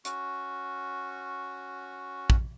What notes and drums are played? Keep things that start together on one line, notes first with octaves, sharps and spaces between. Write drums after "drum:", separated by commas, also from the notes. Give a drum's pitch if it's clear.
C#4 F#4, drum: hi-hat
drum: kick